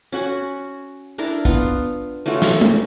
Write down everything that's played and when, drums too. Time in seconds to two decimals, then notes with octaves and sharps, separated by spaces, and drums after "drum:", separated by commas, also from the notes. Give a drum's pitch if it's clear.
0.12 C#4 F#4 F#5 G#5
1.18 D4 E4 A#4
1.45 B3 F4, drum: kick
2.26 A3 C#4 F4 F#4
2.42 drum: snare
2.61 drum: tom